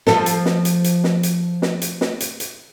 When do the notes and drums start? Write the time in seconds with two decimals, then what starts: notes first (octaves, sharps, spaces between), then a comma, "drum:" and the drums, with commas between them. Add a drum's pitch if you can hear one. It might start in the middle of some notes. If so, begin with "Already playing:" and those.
0.07 F3 A4, drum: snare
0.26 drum: hi-hat
0.46 drum: snare
0.65 drum: hi-hat
0.84 drum: hi-hat
1.04 drum: snare
1.23 drum: hi-hat
1.62 drum: snare
1.82 drum: hi-hat
2.01 drum: snare
2.20 drum: hi-hat
2.40 drum: hi-hat